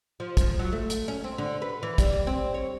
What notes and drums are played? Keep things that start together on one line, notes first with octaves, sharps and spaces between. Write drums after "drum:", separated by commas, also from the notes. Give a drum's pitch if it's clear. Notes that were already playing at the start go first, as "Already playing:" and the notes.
F3
drum: kick, hi-hat
F#3
A3
drum: hi-hat
C#4
C4
D3
B4
E3
G3, drum: kick, hi-hat
C4
C#5